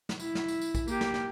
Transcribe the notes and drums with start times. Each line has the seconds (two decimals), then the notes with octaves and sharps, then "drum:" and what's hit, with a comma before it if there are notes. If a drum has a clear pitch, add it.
0.09 drum: snare
0.20 E4, drum: tambourine
0.35 drum: snare
0.48 drum: tambourine
0.61 drum: tambourine
0.75 drum: kick A#1, tambourine
0.88 A#3 G4, drum: tambourine
1.01 drum: snare
1.14 drum: snare